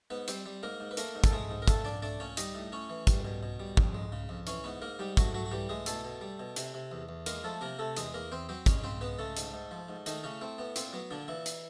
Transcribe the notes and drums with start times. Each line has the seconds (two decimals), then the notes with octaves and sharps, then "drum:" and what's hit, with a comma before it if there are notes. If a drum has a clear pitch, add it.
0.10 G#2 B3 B4
0.28 G3 C4 C5, drum: hi-hat
0.46 G3
0.63 G#2 A#3 A#4
0.80 G#2
0.91 B4
0.97 A3 A#3 A#4, drum: hi-hat
1.15 G#2
1.24 A4, drum: kick, hi-hat
1.32 G#3 A3 G#4
1.50 G#2
1.62 A#4
1.68 A#2 A3 A4, drum: kick, hi-hat
1.85 A#2 D4 D5
2.02 A3 D4 D5
2.20 A#2 C#4 C#5
2.37 G3 D#4 D#5, drum: hi-hat
2.55 A2
2.72 A2 C#4 C#5
2.90 E3
3.07 G3, drum: kick, hi-hat
3.25 B2
3.43 B2
3.60 G3
3.77 F2, drum: kick
3.94 G#3
4.12 C#3
4.29 F2
4.47 E3 C#4 C#5, drum: hi-hat
4.64 G#2 B3 B4
4.82 G#2 A#3 A#4
4.99 G#2 G3 G4
5.17 F#3 A3 F#4, drum: kick, hi-hat
5.34 F#3 A3 F#4
5.45 F#4
5.51 E3 G3 G4
5.69 A2 G#3 G#4
5.86 B2 A3 A4, drum: hi-hat
6.05 B2
6.21 G3
6.39 B2
6.56 C3, drum: hi-hat
6.74 C3
6.92 E2
7.09 E2
7.26 G#3 A#3 A#4, drum: hi-hat
7.44 F3 A3 A4
7.61 C3 A#3 A#4
7.79 C3 A3 A4
7.96 E2 G#3 G#4, drum: hi-hat
8.14 E2 A#3 A#4
8.32 E2 C4 C5
8.49 F#3 C4 C5
8.66 G#3 C#4 C#5, drum: kick, hi-hat
8.84 C#3 C4 C5
9.01 G#3 B3 B4
9.19 C#3 A3 A4
9.37 G#2, drum: hi-hat
9.54 G#2
9.71 F3
9.89 G#2
10.06 D#3 A3 D#4, drum: hi-hat
10.24 A2 C#3 C#4
10.41 A3 C4
10.58 A2 B3
10.76 A#2 C4, drum: hi-hat
10.93 F#3 B3
11.11 A#2 D3 D4
11.28 A#2 E3 E4
11.46 drum: hi-hat